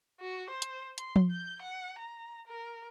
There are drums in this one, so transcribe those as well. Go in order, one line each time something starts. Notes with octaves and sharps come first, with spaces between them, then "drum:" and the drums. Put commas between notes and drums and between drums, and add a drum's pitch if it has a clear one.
F#4
C5
drum: hi-hat
C6, drum: hi-hat
drum: tom F3
G6
F#5
A#5
A#4